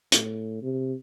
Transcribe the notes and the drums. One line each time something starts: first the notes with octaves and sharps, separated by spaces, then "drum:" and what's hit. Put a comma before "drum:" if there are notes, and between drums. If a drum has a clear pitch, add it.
A2, drum: hi-hat
C3